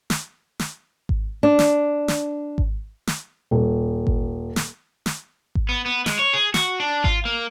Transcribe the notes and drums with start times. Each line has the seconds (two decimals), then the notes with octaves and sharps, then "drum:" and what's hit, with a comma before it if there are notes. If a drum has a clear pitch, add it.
0.10 drum: snare
0.60 drum: snare
1.09 drum: kick G#1
1.43 D4
1.59 drum: snare
2.08 drum: snare
2.58 drum: kick G#1
3.07 drum: snare
3.51 D#1
4.07 drum: kick G#1
4.56 drum: snare
5.06 drum: snare
5.55 drum: kick G#1
5.69 B3
5.86 B3
6.06 G#3, drum: snare
6.19 C#5
6.33 G#4
6.54 F#4, drum: snare
6.80 D4
7.04 F4, drum: kick G#1
7.25 A#3